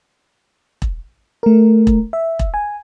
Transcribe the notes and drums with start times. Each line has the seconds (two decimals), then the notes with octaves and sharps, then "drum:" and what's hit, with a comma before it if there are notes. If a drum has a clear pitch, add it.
0.82 drum: kick E1
1.43 A3 A#4
1.87 drum: kick E1
2.13 E5
2.39 drum: kick E1
2.54 G#5